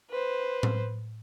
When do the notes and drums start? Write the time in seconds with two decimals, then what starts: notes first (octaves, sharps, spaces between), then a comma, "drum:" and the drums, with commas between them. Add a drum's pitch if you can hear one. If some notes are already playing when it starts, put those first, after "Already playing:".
0.11 B4 C5
0.63 drum: tom A2